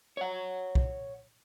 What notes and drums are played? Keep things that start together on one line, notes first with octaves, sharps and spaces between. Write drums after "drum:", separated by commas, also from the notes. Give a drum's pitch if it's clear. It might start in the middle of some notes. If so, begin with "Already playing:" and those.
C#5 F#5
drum: kick